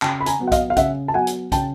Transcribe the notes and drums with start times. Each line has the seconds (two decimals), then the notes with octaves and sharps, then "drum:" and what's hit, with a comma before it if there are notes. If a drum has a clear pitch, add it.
0.02 C#3 G5 A5, drum: clap
0.20 B5
0.26 G#5 A#5, drum: hi-hat
0.39 F#3 B3
0.48 F#5
0.52 D#5 F5, drum: kick, hi-hat
0.70 F5
0.77 C#3 E5 F#5, drum: kick, hi-hat
1.08 A5
1.14 F#3 B3 F#5 G#5
1.27 drum: hi-hat
1.52 C#3 G5 A5, drum: kick, hi-hat